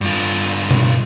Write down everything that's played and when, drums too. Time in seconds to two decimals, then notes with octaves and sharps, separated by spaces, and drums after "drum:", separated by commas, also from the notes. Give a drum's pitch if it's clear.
0.01 G2 F4
0.71 drum: tom B2